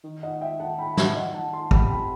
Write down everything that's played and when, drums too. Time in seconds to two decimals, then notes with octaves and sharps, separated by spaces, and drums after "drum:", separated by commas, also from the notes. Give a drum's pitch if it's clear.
0.04 D#3
0.23 D#5 F#5
0.41 E5 G5
0.60 D#3 F#5 A5
0.79 G5 B5
0.97 E5 G5, drum: snare
1.16 D#5 F#5
1.34 F#5 A5
1.53 A5 C6
1.71 C3 G5 B5, drum: kick
1.90 G5 B5